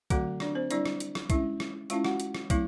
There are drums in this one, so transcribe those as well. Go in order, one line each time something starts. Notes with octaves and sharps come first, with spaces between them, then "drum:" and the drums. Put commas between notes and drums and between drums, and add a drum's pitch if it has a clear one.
D3 F#3 A3 C4 F#4 F#5, drum: kick, hi-hat
D4 D5, drum: rim click
C4 C5
G3 C4 D4 E4 D5, drum: hi-hat
drum: rim click
drum: hi-hat
drum: rim click
G#3 C#4 E4 E5, drum: kick, hi-hat
drum: rim click
G#3 C#4 E4 F4 F5, drum: hi-hat
F#4 F#5, drum: rim click
drum: hi-hat
drum: rim click
F#3 A3 C4 E4, drum: kick, hi-hat